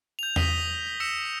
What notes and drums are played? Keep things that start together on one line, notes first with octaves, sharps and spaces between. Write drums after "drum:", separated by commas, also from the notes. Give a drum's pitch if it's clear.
G6 F7
D#6 A#6 B6 D#7 F7 G7, drum: tom E2
E6 A#6 C#7 E7